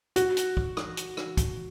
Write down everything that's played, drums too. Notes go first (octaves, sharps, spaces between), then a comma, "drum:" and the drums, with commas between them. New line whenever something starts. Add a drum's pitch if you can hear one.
F#4, drum: hi-hat
drum: hi-hat
drum: kick
drum: rim click
drum: hi-hat
drum: rim click
drum: kick, hi-hat